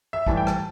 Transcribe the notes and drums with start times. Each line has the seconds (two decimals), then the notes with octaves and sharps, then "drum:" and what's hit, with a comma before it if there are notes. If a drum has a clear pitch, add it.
0.13 E5
0.27 A2 E3 G3 A5, drum: kick
0.37 G5
0.47 A5, drum: rim click